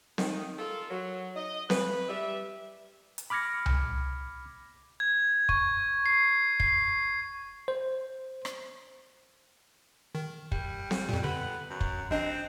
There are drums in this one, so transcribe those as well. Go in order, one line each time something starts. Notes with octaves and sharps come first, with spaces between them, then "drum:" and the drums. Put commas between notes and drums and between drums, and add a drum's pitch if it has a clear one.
D#3, drum: snare C4
F4 A4 A#4
F#3
D#5
B4, drum: snare C4
G3 E5
drum: hi-hat
B5 D6 F6 G#6 A#6 C#7
drum: tom C2
G#6
C#6, drum: kick
C7
C7, drum: kick
C5
drum: rim click
D#3
G3, drum: kick
drum: snare C4
F2 A#2
D3 B3
F#2
drum: kick
A1 C4 D4 D#5